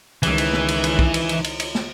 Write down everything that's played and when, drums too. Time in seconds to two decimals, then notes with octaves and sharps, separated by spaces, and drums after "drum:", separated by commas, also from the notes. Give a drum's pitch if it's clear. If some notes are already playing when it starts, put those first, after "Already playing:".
0.23 C#2 D#3 E3, drum: cymbal
0.38 drum: cymbal
0.53 drum: snare
0.68 drum: cymbal
0.84 drum: cymbal
0.99 drum: kick
1.14 drum: cymbal
1.29 drum: cymbal
1.44 drum: cymbal
1.60 drum: cymbal
1.75 drum: snare